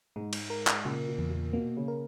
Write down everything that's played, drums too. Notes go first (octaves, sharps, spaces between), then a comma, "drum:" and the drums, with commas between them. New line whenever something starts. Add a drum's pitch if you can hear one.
G#2 G#3
drum: cymbal
A#4
drum: clap
A#2 C#3
A#2
E2
A#2
B2 A#3
C#3
A#4